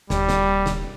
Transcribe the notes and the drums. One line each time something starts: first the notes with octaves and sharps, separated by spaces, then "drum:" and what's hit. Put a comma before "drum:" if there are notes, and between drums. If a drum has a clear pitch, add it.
D#1 G3, drum: snare
drum: snare
drum: snare